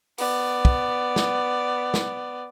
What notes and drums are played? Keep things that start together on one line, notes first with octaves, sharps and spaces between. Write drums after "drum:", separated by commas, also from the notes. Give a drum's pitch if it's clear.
B3 D5, drum: open hi-hat
drum: kick
drum: snare
drum: snare